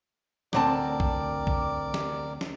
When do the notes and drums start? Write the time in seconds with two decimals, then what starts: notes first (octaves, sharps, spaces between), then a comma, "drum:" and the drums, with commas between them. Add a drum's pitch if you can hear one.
0.53 D2 C4 A#4 D5 A5 D6, drum: snare
1.00 drum: kick B1
1.47 drum: kick B1
1.94 drum: snare
2.41 drum: snare